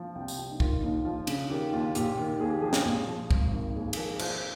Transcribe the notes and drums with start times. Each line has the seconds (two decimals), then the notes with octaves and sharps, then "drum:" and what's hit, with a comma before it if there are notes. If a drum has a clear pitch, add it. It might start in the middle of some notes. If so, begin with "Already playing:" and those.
Already playing: F3
0.15 C2 G5
0.28 drum: tambourine
0.38 F3
0.51 D#4
0.60 D#3 F4, drum: kick
0.83 D#2 D#4
1.05 F3 F4
1.27 C#3, drum: cymbal
1.50 D#3 G4
1.73 D#2 F4
1.95 A#1 G4, drum: hi-hat
2.18 D#3
2.40 D#2 G#4
2.50 G4
2.60 F3 G#4
2.73 drum: snare
2.85 A#1
3.08 F3
3.31 G#1, drum: kick
3.52 D#3
3.75 D#2 G#4
3.93 G#4, drum: cymbal
3.97 F3 A#4
4.19 F3 C5, drum: cymbal